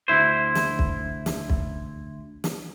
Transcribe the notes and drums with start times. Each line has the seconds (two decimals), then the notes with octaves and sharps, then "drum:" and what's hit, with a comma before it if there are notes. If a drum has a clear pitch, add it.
0.08 D2 E4 C5
0.55 drum: snare
0.79 drum: kick
1.26 drum: snare
1.50 drum: kick
2.44 drum: snare